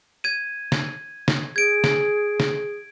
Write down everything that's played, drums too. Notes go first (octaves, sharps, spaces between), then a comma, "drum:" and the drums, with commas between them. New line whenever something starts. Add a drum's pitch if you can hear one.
G#6 D#7
drum: snare
drum: snare
G#4 G#6 D7
drum: snare
drum: snare